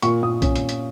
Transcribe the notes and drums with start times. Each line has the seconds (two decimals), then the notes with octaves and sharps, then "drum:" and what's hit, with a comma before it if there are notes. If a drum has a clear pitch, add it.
0.02 A#2 C#6, drum: hi-hat
0.22 A#2 D#6
0.42 C#4, drum: kick B1, hi-hat
0.56 drum: hi-hat
0.69 drum: hi-hat